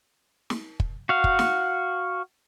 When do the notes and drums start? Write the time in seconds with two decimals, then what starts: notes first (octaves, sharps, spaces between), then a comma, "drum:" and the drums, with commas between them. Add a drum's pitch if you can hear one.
0.50 drum: snare
0.80 drum: kick
1.09 F#4 F5
1.24 drum: kick
1.39 drum: snare